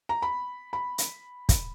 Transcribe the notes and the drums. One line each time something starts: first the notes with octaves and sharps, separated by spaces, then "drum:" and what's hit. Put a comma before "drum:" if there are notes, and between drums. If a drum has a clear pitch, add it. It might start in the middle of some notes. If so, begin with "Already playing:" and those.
A#5
B5
B5
drum: hi-hat
drum: kick, hi-hat